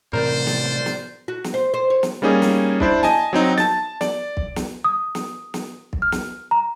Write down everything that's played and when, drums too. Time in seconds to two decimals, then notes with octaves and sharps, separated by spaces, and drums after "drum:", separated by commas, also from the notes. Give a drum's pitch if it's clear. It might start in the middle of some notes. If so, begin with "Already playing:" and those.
0.13 A2 C3 E3 A#4 C5 D5
0.47 drum: snare
0.86 drum: snare
1.28 F#4
1.44 drum: snare
1.54 C5
1.74 C5
1.90 C#5
2.03 drum: snare
2.22 G3 A#3 C#4 D#4 G#4
2.42 drum: snare
2.80 D4 E4 C5 D5, drum: kick
3.03 D#5 G#5 A5, drum: snare
3.33 F#3 C4 D#4
3.58 A5 A6, drum: snare
4.01 D5, drum: snare
4.37 drum: kick
4.56 drum: snare
4.84 D#6
5.15 drum: snare
5.54 drum: snare
5.93 drum: kick
6.02 F6
6.12 drum: snare
6.51 A#5